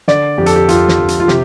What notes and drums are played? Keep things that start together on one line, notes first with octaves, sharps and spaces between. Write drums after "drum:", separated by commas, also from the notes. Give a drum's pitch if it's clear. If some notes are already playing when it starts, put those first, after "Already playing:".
D3 D5, drum: snare
F2 G4
A4, drum: hi-hat
G4
F2 F4, drum: hi-hat
drum: snare
F2
drum: hi-hat
F4
C3 G4, drum: snare